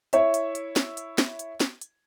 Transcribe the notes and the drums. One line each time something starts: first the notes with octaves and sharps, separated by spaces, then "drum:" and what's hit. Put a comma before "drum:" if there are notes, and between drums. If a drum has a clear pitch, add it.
E4 C#5 E5, drum: hi-hat
drum: hi-hat
drum: hi-hat
drum: snare
drum: hi-hat
drum: snare
drum: hi-hat
drum: snare
drum: hi-hat